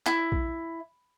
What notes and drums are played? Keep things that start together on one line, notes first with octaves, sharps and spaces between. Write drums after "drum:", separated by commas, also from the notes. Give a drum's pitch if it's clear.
E4, drum: clap
drum: kick A#1